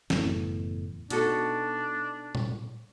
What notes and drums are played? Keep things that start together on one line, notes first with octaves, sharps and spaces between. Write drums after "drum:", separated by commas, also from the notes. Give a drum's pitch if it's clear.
F#1 E2 A2, drum: snare
B2 D4 D#4 F#4 A4, drum: hi-hat
drum: tom A#2